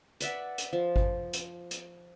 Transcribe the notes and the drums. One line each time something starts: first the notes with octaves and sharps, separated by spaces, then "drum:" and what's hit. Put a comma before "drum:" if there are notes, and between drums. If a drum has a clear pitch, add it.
B4 D5 E5 F#5, drum: hi-hat
drum: hi-hat
F3
drum: kick G#1
drum: hi-hat
drum: hi-hat